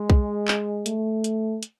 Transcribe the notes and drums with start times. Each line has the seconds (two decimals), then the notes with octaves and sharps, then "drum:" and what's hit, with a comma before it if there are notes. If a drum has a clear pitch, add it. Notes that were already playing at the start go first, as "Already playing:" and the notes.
Already playing: G#3
0.10 drum: kick B1
0.48 drum: clap
0.86 A3, drum: hi-hat
1.24 drum: hi-hat
1.63 drum: hi-hat